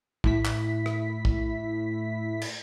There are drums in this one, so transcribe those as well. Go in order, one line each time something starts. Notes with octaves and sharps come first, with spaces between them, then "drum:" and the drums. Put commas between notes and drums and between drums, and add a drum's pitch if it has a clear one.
A2 E4 B6, drum: kick
drum: clap
drum: rim click
drum: kick
drum: cymbal